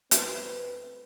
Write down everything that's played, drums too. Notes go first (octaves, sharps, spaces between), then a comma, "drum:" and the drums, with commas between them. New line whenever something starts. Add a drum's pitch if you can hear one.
D2 C4 B4, drum: hi-hat